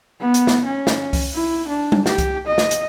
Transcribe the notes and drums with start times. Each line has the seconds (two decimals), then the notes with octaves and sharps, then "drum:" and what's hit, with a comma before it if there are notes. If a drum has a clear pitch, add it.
0.21 B3
0.34 drum: hi-hat
0.47 drum: snare
0.66 C#4
0.87 drum: snare
1.13 drum: kick C2, open hi-hat
1.35 E4
1.69 D4
1.92 drum: tom G3
2.06 G4, drum: snare
2.18 drum: kick C2, hi-hat
2.47 D#5
2.58 drum: snare
2.71 drum: hi-hat